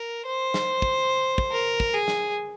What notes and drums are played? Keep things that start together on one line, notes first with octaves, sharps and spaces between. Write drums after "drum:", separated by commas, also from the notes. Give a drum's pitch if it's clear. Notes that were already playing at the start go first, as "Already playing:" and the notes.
Already playing: A#4
C5
drum: snare
drum: kick
drum: kick
A#4
drum: kick
G#4
drum: snare